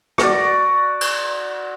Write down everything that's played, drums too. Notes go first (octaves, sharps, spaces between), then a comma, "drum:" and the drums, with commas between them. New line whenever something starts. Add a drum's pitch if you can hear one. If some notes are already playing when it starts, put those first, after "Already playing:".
F#4 D5, drum: rim click
drum: cymbal